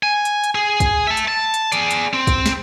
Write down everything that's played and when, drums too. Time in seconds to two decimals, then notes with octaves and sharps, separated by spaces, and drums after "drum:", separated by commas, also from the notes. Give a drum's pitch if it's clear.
0.03 G#5
0.25 drum: hi-hat
0.44 drum: hi-hat
0.55 G#4
0.80 drum: kick, hi-hat
1.07 E5 A5
1.17 drum: hi-hat
1.28 A5
1.54 drum: hi-hat
1.72 G#4 D5, drum: hi-hat
1.91 drum: hi-hat
2.14 C4
2.27 drum: kick, hi-hat
2.46 drum: snare